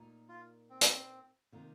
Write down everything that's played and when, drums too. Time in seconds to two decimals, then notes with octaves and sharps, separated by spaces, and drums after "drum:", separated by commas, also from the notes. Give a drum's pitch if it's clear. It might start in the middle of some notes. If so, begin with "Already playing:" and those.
Already playing: A#2 A#3 D#4 A#4
0.29 F4
0.70 C4
0.81 drum: hi-hat
1.52 C3 D#3 A#3 F4